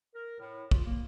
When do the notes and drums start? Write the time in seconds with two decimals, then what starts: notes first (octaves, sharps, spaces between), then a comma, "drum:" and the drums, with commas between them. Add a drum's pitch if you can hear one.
0.14 A#4
0.39 A2
0.71 F4, drum: kick
0.85 A#3